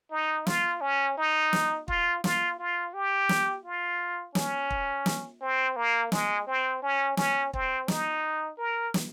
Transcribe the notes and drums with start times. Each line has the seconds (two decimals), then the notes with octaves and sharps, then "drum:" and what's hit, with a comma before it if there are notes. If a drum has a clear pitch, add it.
0.11 D#4
0.47 F4, drum: snare
0.81 C#4
1.18 D#4
1.53 drum: snare
1.88 F4, drum: kick
2.24 F4, drum: snare
2.59 F4
2.94 G4
3.29 drum: snare
3.65 F4
4.35 C#4, drum: snare
4.70 drum: kick
5.06 drum: snare
5.41 C4
5.76 A#3
6.12 G#3, drum: snare
6.47 C4
6.83 C#4
7.17 C#4, drum: snare
7.53 C4, drum: kick
7.88 D#4, drum: snare
8.58 A#4
8.94 drum: snare